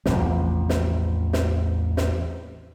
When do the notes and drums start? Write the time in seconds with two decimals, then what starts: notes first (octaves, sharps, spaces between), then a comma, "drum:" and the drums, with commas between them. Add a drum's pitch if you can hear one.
0.06 A1 E2 C3 F3, drum: snare
0.69 drum: snare
1.33 drum: snare
1.97 drum: snare